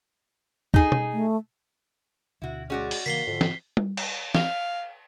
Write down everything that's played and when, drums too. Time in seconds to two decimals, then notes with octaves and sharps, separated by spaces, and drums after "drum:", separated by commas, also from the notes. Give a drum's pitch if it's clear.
0.74 D#4 G#4, drum: kick
0.92 drum: tom B2
1.13 A3
2.42 D2 B2 D3 E4 F#4
2.70 G#3 C#4 F#4 D5
2.91 drum: open hi-hat
3.06 C#3 E3 A#3 B6 C7 G7
3.27 F2 G#2 D3
3.41 drum: snare
3.77 drum: tom G3
3.97 drum: cymbal
4.35 F5, drum: snare